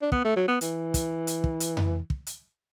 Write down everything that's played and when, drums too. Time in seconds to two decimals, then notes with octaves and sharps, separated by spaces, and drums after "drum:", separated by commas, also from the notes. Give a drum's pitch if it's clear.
0.01 D4
0.12 B3, drum: kick
0.24 A3
0.36 F#3
0.48 B3
0.61 E3, drum: hi-hat
0.94 drum: kick, hi-hat
1.27 drum: hi-hat
1.44 drum: kick
1.60 drum: hi-hat
1.77 drum: tom F2
2.10 drum: kick
2.27 drum: hi-hat